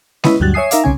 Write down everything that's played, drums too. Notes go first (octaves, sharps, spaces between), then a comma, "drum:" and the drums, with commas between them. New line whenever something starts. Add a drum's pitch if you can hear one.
C#4 E4 B4 D#5, drum: snare G#3
D2 G2 F#3 G3 F#6 A6
C#5 E5 G#5 D#6 C7
D#4 A#4 E5 F5 D6, drum: hi-hat
C2 C#3 C#4 G#5